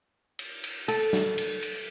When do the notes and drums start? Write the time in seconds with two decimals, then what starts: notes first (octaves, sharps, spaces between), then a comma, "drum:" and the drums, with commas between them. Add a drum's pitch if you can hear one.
0.39 drum: cymbal
0.64 drum: cymbal
0.88 A4, drum: cymbal
1.13 drum: snare
1.38 drum: cymbal
1.62 drum: cymbal